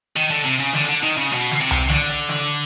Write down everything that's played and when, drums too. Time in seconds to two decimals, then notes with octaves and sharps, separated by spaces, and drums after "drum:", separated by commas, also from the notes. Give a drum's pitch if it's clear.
0.16 D#3
0.30 D3
0.45 C3
0.60 C#3
0.74 D3, drum: snare
0.89 D3
1.03 D#3
1.18 C#3
1.32 B2, drum: hi-hat
1.51 drum: snare
1.61 C3
1.71 drum: tom C2
1.90 D3, drum: snare
2.09 drum: hi-hat
2.29 drum: snare